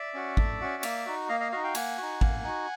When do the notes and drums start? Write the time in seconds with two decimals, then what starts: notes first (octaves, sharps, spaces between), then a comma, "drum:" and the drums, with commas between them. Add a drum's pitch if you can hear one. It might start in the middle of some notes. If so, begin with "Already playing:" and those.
Already playing: D5 E5
0.14 C#4 F#4
0.37 A3, drum: kick G#1
0.61 C#4 F#4
0.83 A#3, drum: cymbal
1.06 D#4 F#4
1.29 A#3 D#5 F5
1.40 D#5 F5
1.52 D#4 F#4 D#5 F5
1.63 F5 G5
1.75 A#3 F#5 G#5, drum: cymbal
1.98 D#4 F#4
2.21 A#3, drum: kick G#1
2.44 D#4 F#4